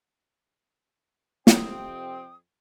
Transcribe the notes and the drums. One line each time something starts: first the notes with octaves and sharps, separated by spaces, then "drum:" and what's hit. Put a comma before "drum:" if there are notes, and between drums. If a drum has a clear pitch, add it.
F2 C3 C4 G5 D#6, drum: snare